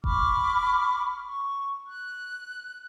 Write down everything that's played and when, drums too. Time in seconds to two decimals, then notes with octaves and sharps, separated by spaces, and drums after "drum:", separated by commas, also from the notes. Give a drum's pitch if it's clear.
0.04 B5 C#6 D6 F6, drum: kick F1
1.25 C#6
1.87 F#6